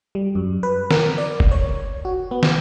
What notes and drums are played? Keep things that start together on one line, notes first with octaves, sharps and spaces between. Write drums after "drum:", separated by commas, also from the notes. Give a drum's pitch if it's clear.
G3
F#2
B4
A#4, drum: snare
D5
drum: kick
C#5
F#4
B3
drum: snare